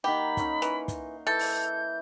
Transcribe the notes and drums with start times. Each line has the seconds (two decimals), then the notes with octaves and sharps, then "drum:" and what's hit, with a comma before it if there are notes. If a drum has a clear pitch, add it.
0.04 D#3 A#3 G4 F#5 B5
0.37 C#4 D#4, drum: kick, hi-hat
0.62 E3 C6, drum: hi-hat
0.88 drum: kick, hi-hat
1.27 E3 A4 G6
1.39 drum: open hi-hat